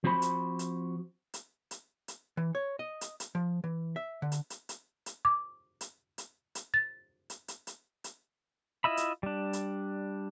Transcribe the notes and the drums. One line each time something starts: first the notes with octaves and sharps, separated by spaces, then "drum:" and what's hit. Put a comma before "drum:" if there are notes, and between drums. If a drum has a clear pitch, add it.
F3 C4 F#4 C5 B5
drum: hi-hat
drum: hi-hat
drum: hi-hat
drum: hi-hat
drum: hi-hat
E3
C#5
D#5
drum: hi-hat
drum: hi-hat
F3
E3
E5
D3
drum: hi-hat
drum: hi-hat
drum: hi-hat
drum: hi-hat
D6
drum: hi-hat
drum: hi-hat
drum: hi-hat
A6
drum: hi-hat
drum: hi-hat
drum: hi-hat
drum: hi-hat
E4 F4 D#5 E5 B5
drum: hi-hat
G3 D4
drum: hi-hat